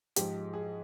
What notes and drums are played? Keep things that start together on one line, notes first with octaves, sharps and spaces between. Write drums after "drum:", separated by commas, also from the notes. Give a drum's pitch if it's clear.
G#2 F3 G#3 G4, drum: hi-hat
G#4